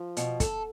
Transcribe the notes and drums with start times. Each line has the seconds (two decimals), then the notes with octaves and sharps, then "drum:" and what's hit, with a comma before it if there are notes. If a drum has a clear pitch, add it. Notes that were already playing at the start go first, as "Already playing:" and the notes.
Already playing: F3
0.17 B2, drum: hi-hat
0.40 A4, drum: kick, hi-hat